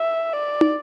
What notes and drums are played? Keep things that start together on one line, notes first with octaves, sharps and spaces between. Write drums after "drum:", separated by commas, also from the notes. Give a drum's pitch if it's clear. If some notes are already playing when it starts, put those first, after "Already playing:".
Already playing: E5
D5
drum: tom